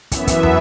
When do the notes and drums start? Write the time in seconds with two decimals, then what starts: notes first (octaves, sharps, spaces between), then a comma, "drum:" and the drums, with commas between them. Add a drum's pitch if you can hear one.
0.12 F#2 E3 B3 E5, drum: kick, hi-hat
0.27 drum: kick, hi-hat
0.43 drum: tom